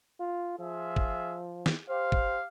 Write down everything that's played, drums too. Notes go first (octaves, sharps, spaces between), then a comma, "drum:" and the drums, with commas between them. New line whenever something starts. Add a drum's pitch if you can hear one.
F4
F3 F4 G#4 E5
drum: kick
drum: snare
G4 C5 F5
drum: kick